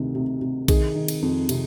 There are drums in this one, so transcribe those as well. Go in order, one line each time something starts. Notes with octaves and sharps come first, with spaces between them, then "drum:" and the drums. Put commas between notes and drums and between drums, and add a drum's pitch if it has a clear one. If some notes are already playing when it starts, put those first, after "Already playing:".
Already playing: D2 C3 D#3
C3
C3
D#3 G#4, drum: kick B1, cymbal
D#3
drum: cymbal
F2
C3, drum: cymbal